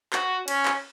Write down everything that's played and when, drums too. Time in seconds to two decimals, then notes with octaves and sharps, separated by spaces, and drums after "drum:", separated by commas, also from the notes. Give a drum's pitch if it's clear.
0.13 F#4, drum: clap
0.48 C#4, drum: cymbal
0.66 drum: clap